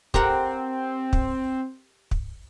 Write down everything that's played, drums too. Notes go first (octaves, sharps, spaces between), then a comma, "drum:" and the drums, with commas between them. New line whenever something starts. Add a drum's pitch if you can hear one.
C4 G4 A#4 F#5, drum: kick
drum: kick
drum: kick